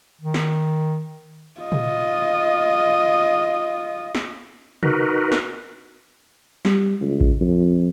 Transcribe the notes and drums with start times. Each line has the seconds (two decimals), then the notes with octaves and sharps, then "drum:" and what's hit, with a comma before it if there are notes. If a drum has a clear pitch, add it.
0.21 D#3
0.34 drum: snare
1.61 F4 D#5
1.72 drum: tom A#2
4.15 drum: snare
4.83 D#4 F#4 A#4 B4, drum: tom B2
5.32 drum: snare
6.65 G3, drum: snare
7.01 C#2
7.21 drum: kick A1
7.41 F2